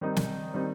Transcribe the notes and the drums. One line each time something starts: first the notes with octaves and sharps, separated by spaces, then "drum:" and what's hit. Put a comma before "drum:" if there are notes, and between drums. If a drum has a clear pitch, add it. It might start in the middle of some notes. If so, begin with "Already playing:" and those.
D#3 G3 C4 D#4
drum: snare
D#3 G3 C4 D#4